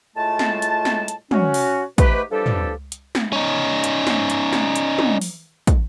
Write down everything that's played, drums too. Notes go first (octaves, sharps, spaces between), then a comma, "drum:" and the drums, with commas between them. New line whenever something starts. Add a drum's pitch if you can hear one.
A2 G#3 A3 F4 A5
drum: snare
drum: hi-hat
drum: snare
drum: hi-hat
C#4 F#4, drum: tom
drum: open hi-hat
G#2 A3 G4 B4, drum: kick, hi-hat
E3 F3 G3 D4 G4 A4
drum: tom
drum: hi-hat
drum: snare
C#4 D#4
drum: hi-hat
drum: snare
drum: hi-hat
drum: snare
drum: hi-hat
drum: tom
drum: open hi-hat
drum: kick, hi-hat